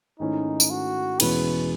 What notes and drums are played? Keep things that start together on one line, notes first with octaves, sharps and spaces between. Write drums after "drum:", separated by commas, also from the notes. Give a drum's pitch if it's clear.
G#2 D#3 A3 C#4 D#4 E4
drum: tambourine
F#4
E2 B2 G#3 C#4 E4 B4, drum: cymbal